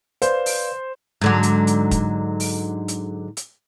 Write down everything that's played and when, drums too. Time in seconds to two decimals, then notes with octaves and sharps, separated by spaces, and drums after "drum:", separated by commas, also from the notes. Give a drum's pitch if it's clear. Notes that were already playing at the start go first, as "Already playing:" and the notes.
0.22 B4 C5 D5 F5, drum: hi-hat
0.46 drum: open hi-hat
1.21 G#2 D3 F#3
1.43 drum: hi-hat
1.67 drum: hi-hat
1.91 drum: kick, hi-hat
2.40 drum: open hi-hat
2.88 drum: hi-hat
3.37 drum: hi-hat